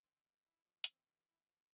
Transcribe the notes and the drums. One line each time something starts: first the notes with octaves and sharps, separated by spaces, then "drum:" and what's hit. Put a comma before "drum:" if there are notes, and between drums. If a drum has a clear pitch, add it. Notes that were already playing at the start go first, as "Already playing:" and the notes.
D3 C4
G2
E4
F3
E3 C4, drum: hi-hat
G2
E4
F3